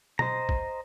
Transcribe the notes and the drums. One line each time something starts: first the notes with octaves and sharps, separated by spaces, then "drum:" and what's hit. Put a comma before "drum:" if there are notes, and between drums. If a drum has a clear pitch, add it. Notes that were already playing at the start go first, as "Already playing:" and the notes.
C5 D#5 A#5, drum: tom B2
drum: kick